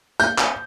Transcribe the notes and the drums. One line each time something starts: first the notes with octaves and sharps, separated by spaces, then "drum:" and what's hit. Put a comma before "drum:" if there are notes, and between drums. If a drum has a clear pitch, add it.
G6, drum: tambourine
drum: clap